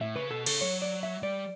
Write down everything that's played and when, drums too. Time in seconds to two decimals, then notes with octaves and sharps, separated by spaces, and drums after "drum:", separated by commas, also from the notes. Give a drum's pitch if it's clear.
0.01 A2 E5
0.16 C#3 B4
0.31 B2 A4
0.46 C#3 A4, drum: cymbal
0.61 F#3 C#5
0.82 D5
1.03 E5
1.23 G3 D5